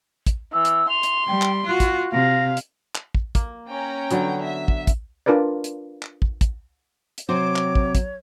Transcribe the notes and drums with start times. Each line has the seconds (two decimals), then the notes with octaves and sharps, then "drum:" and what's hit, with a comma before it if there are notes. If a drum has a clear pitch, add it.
0.26 drum: kick, hi-hat
0.53 E3 E6
0.65 drum: hi-hat
0.89 C6 F7
1.03 drum: hi-hat
1.27 G3 G5
1.42 drum: clap
1.66 F4 F#4 F#6
1.80 drum: kick, hi-hat
2.12 C3 F5 A#6
2.57 drum: hi-hat
2.95 drum: clap
3.15 drum: kick
3.35 A#3, drum: kick, hi-hat
3.67 C#4 G5 A#5
4.11 D3 F#3 B3, drum: hi-hat
4.43 E5
4.68 drum: kick
4.87 drum: kick, hi-hat
5.26 D4 F4 A#4 B4 D5
5.64 drum: hi-hat
6.03 drum: clap
6.22 drum: kick
6.41 drum: kick, hi-hat
7.18 drum: hi-hat
7.29 C3 F#3 C4 C5 C#5 D6
7.56 drum: clap
7.75 drum: kick
7.95 drum: kick, hi-hat